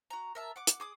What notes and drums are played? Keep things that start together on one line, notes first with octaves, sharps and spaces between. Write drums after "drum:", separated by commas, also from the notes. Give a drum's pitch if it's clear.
F#4 A#5
A#4 E5 A5
F#5 D6
drum: hi-hat
G#4 D6 D#6